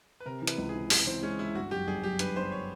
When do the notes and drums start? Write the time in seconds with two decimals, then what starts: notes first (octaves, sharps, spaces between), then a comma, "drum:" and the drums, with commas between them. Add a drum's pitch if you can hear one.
0.20 B4
0.26 C3 A#4
0.42 E3
0.47 B4, drum: hi-hat
0.58 C#2
0.69 G#4
0.74 E3
0.90 C#2, drum: open hi-hat
1.06 E3 C4
1.23 G#3 C#4
1.39 G#3 E4
1.55 G1 F#4
1.71 F#2 G4
1.87 G1 G#4
2.03 F#2 G4
2.19 G1 B4, drum: hi-hat
2.36 G1 C5
2.52 C#5